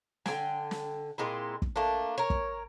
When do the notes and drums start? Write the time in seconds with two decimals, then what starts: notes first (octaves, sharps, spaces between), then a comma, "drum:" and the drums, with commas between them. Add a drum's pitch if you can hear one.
0.26 D3 A4 G5 G#5, drum: snare
0.71 drum: snare
1.18 A#2 G#3 C4 E4
1.62 drum: kick
1.76 A3 A#3 D4
2.18 A#4 C#5
2.30 drum: kick